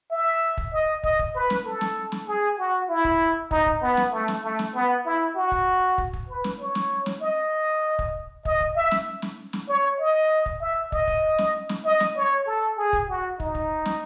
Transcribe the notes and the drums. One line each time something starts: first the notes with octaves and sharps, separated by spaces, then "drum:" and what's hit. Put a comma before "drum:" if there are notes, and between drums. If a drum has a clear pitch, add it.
E5
drum: kick
D#5
D#5, drum: kick
drum: kick
B4
drum: snare
A4
drum: snare
drum: snare
G#4
F#4
E4
drum: kick
D#4, drum: kick
drum: kick
B3
drum: snare
A3
drum: snare
A3
drum: snare
B3
E4
F#4
drum: kick
drum: kick
drum: kick
B4
drum: snare
C#5
drum: snare
drum: snare
D#5
drum: kick
D#5, drum: kick
drum: kick
E5
drum: snare
drum: snare
drum: snare
C#5
D#5
drum: kick
E5
D#5, drum: kick
drum: kick
drum: snare
drum: snare
D#5
drum: snare
C#5
A4
G#4
drum: kick
F#4
D#4, drum: kick
drum: kick
drum: snare